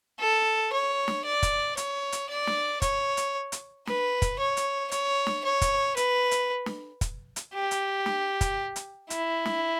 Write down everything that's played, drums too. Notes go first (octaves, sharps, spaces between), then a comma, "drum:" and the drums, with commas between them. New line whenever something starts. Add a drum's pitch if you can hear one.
A4
C#5
drum: snare
D5
drum: kick, hi-hat
C#5, drum: hi-hat
drum: hi-hat
D5
drum: snare
C#5, drum: kick, hi-hat
drum: hi-hat
drum: hi-hat
B4, drum: snare
drum: kick, hi-hat
C#5
drum: hi-hat
C#5, drum: hi-hat
drum: snare
C#5
drum: kick, hi-hat
B4, drum: hi-hat
drum: hi-hat
drum: snare
drum: kick, hi-hat
drum: hi-hat
G4
drum: hi-hat
drum: snare
drum: kick, hi-hat
drum: hi-hat
E4, drum: hi-hat
drum: snare